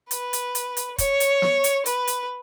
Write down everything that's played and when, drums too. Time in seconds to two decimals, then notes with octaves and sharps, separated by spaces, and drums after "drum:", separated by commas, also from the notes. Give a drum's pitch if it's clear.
0.11 B4, drum: hi-hat
0.33 drum: hi-hat
0.55 drum: hi-hat
0.77 drum: hi-hat
0.98 C#5, drum: kick, hi-hat
1.20 drum: hi-hat
1.42 drum: snare
1.64 drum: hi-hat
1.86 B4, drum: hi-hat
2.07 drum: hi-hat